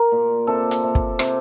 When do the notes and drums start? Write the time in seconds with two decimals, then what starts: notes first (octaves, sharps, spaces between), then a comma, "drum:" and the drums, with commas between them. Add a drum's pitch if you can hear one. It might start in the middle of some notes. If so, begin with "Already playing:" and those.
Already playing: A#4
0.12 A#2
0.47 C3 A4
0.71 drum: hi-hat
0.83 C3
0.95 drum: kick
1.19 C3, drum: rim click